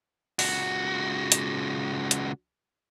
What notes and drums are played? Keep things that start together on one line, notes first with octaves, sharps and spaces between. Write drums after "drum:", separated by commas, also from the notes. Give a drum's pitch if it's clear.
C#2 F#4, drum: open hi-hat
drum: hi-hat
drum: hi-hat